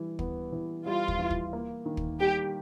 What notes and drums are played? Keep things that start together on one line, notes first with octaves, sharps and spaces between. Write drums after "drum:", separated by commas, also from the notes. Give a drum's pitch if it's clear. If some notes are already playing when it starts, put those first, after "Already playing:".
Already playing: E3 G3
B3, drum: kick
E3
G3 F4
drum: kick
E3
drum: kick
A#3
D#3
drum: kick
G3 G4